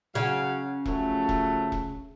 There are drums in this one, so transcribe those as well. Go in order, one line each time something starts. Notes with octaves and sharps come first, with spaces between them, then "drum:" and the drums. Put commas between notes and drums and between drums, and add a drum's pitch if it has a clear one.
C#3 F#3 F5 F#5
F3 F#3 A3, drum: kick E1
drum: kick E1
drum: kick E1